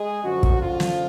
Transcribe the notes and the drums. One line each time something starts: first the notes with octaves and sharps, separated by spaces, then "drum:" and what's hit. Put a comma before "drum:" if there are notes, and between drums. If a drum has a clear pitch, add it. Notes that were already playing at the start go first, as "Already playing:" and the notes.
Already playing: G#3 G#4
F#2 D3 F3 F#3 F#4
drum: kick
F3 F4
drum: snare